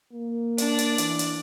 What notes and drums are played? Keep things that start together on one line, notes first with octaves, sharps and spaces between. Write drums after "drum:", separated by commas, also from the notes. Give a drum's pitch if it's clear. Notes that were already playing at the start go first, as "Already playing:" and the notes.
A#3
D4 D5, drum: hi-hat
drum: hi-hat
E3, drum: hi-hat
drum: hi-hat